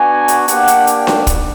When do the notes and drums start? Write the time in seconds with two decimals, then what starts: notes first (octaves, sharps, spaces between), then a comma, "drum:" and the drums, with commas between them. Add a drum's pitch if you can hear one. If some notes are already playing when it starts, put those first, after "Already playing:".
Already playing: B3 D4 F#4 G#5
0.28 drum: hi-hat
0.48 A#3 D4 G4 F#5, drum: hi-hat
0.68 drum: hi-hat
0.87 G5, drum: hi-hat
1.07 drum: snare D4
1.27 drum: kick, hi-hat